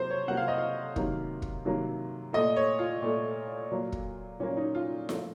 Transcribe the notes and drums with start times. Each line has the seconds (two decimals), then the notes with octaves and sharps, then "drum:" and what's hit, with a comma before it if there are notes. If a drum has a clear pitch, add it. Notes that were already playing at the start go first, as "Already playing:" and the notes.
Already playing: C3 F#3 A#3 C5
0.11 C#5
0.28 C3 F#3 A#3 F#5
0.37 F5
0.48 D#5
0.58 F5
0.96 C3 D#3 F#3 A#3, drum: kick
1.42 drum: kick
1.65 C3 D#3 F#3 A#3
2.33 A#2 A3 D#5
2.56 C#5
2.79 F4
3.02 A#2 A3
3.71 A#2 F#3 A#3
3.92 drum: kick
4.40 A#2 F#3 A#3 C#4
4.57 D#4
4.75 F4
5.09 A2 F3 A#3, drum: snare F4